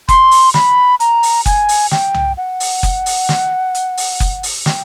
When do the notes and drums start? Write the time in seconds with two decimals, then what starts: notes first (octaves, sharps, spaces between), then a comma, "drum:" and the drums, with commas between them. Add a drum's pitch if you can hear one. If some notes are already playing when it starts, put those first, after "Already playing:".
0.09 C6, drum: kick F#1, hi-hat
0.31 drum: open hi-hat
0.54 B5, drum: snare
1.00 A#5, drum: hi-hat
1.23 drum: open hi-hat
1.46 G#5, drum: kick F#1, hi-hat
1.69 drum: open hi-hat
1.91 G5, drum: snare
2.14 drum: tom C2
2.37 F#5
2.60 drum: open hi-hat
2.83 drum: kick F#1, hi-hat
3.06 drum: open hi-hat
3.29 drum: snare
3.75 drum: hi-hat
3.97 drum: open hi-hat
4.20 drum: kick F#1, hi-hat
4.43 drum: open hi-hat
4.66 G5, drum: snare